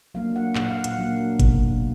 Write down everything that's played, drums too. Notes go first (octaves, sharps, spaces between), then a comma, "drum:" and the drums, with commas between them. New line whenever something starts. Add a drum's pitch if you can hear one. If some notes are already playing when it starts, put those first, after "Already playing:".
F#3 A#3 D4 F5
F#5
A#2 F#5, drum: clap
F5
F#5, drum: hi-hat
F#3 A#3 D4
B2, drum: kick G1, hi-hat